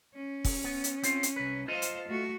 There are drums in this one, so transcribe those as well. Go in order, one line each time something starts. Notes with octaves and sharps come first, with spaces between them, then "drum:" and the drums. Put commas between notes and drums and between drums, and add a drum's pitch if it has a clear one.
C#4
drum: kick, open hi-hat
B3
drum: hi-hat
C4 F4, drum: hi-hat
drum: hi-hat
C2 B4
F4 A4 C5 D#5 F5
drum: hi-hat
A3 F#4